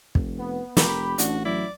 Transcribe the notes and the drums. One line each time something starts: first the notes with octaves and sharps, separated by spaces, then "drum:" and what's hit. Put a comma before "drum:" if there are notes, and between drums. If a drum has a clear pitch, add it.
F1, drum: kick
B3
F1 G4 A#4 B5, drum: snare
A1 D4 F#4, drum: hi-hat
F#3 E4 D5